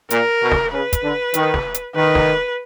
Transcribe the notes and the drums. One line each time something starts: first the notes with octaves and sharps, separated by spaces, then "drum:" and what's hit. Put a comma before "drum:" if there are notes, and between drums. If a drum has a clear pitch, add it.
A#2 A#4, drum: hi-hat
B2
drum: snare
C#3 B4
drum: kick, hi-hat
D3
D#3, drum: hi-hat
drum: snare
drum: hi-hat
D#3 B4
drum: snare